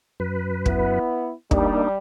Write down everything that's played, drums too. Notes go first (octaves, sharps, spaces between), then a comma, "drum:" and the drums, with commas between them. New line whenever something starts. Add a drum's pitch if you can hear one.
F#2 B4
B3 E4, drum: kick
G3 A#3 D4 D#4, drum: kick